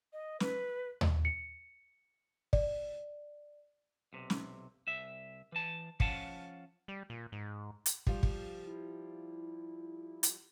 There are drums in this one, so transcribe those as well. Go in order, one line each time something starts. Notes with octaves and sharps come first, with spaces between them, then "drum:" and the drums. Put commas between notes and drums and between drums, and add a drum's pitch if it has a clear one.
D#5
B4, drum: snare
drum: tom D#2
C#7
D5, drum: kick
B1 C3
drum: snare
C2 E5
E3 A5
F3 C#4 F5 F#5 A5, drum: kick
G3
A#2
G#2
drum: hi-hat
F3 G3 F4, drum: kick
drum: kick
E4
drum: hi-hat